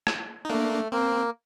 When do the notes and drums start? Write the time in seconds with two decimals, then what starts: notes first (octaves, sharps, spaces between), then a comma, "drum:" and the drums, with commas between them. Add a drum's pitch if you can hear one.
0.07 drum: rim click
0.45 D#4
0.50 A3 A#3 D4
0.92 A#3 C4